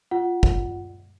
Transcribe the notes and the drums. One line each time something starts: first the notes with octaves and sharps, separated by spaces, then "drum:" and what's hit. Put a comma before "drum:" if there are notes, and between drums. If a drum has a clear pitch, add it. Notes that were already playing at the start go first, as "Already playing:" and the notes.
F4 F#5
drum: kick